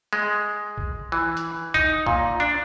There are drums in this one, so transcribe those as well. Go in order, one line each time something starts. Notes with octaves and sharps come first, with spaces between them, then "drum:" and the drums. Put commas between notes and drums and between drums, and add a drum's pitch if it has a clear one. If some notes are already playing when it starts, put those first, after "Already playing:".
G#3
drum: kick B1
E3
drum: hi-hat
D#4, drum: kick B1
A#2, drum: kick B1
D4